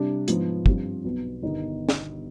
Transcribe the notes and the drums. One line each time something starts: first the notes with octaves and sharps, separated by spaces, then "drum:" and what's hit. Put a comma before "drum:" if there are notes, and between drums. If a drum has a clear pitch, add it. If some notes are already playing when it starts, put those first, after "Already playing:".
Already playing: C3 G3 D4
G#2 F3 B3 D#4, drum: hi-hat
G2 F3 C4 F4, drum: kick
B1 B2 B3
G1 G2 D#3 B3 D#4
drum: snare